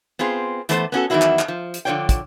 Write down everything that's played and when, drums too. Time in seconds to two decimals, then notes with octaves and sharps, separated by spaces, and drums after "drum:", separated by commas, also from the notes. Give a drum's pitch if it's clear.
0.19 B3 C4 F4 G#4
0.69 E3 A3 B3 A4 C5, drum: hi-hat
0.92 B3 C#4 F#4 A4
1.10 E2 D#3 E3 F#3 E4 F#4
1.21 drum: clap
1.39 drum: clap
1.48 F3
1.74 drum: hi-hat
1.85 D3 F3 G3 C#5 D5 G5
2.09 drum: kick, hi-hat